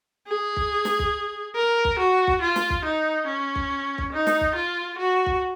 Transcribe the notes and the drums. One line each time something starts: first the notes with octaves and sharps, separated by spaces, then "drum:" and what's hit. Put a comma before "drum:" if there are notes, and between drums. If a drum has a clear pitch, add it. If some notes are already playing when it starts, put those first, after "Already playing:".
G#4
drum: kick
drum: snare
drum: kick
A#4
drum: kick
F#4
drum: kick
F4
drum: snare
drum: kick
D#4
C#4
drum: kick
drum: kick
D#4
drum: snare
drum: kick
F4
F#4
drum: kick